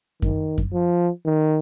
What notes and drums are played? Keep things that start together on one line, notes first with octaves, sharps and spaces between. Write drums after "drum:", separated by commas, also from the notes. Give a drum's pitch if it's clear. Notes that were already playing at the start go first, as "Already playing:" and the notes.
D#3, drum: kick F#2
drum: kick F#2
F3
D#3